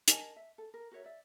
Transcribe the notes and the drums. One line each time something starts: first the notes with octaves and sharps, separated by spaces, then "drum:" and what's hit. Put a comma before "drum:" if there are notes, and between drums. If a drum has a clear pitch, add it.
A#4 D#5 G#5 A5, drum: hi-hat
E5
A4
A#4
F#4 A#4 C#5 E5
D5 E5